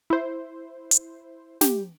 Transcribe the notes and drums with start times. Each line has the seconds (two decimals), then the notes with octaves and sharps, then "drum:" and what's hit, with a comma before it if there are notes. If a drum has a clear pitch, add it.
0.10 E4 C5
0.91 drum: hi-hat
1.61 G4, drum: snare